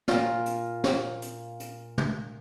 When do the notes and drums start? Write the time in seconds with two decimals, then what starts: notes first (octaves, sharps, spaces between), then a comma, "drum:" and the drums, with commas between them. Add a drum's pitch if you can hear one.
0.08 A#2 F4, drum: snare
0.46 drum: hi-hat
0.84 drum: snare
1.22 drum: hi-hat
1.60 drum: hi-hat
1.98 drum: tom